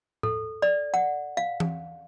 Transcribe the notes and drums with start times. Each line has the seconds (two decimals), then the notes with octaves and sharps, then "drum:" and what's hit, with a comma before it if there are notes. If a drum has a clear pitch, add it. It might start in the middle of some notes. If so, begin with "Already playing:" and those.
0.23 A4, drum: tom A2
0.62 D5
0.94 F#5
1.37 F5
1.60 drum: tom E3